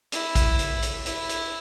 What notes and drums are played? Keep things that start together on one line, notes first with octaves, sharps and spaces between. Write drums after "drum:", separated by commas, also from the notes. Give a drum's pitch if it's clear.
E4, drum: hi-hat
drum: kick A#1, hi-hat
drum: hi-hat
drum: hi-hat
E4, drum: hi-hat
drum: hi-hat